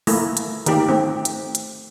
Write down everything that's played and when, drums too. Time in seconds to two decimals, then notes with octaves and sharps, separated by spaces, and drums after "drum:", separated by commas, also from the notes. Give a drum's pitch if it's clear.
0.07 A3 A#3 E4, drum: open hi-hat
0.37 drum: hi-hat
0.66 D#3 A#3 G4, drum: hi-hat
0.89 A3 C4
1.25 drum: hi-hat
1.55 drum: hi-hat